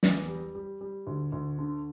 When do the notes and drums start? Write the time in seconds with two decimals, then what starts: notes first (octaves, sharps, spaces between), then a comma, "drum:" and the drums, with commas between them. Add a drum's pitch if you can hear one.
0.03 E2, drum: snare
0.28 G3
0.55 G3
0.81 G3
1.07 D2
1.32 D2
1.58 D3